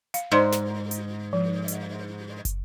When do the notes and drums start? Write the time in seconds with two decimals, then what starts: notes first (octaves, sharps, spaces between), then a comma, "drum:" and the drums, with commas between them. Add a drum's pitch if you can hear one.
0.14 F5, drum: hi-hat
0.32 G#2 C5 D5 C6
0.53 drum: snare
0.91 drum: hi-hat
1.33 F3
1.68 drum: hi-hat
2.45 drum: kick, hi-hat